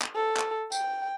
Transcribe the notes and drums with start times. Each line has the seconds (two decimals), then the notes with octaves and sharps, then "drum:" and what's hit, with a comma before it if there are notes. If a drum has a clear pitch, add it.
0.02 drum: clap
0.16 A4
0.37 drum: clap
0.72 G5, drum: tambourine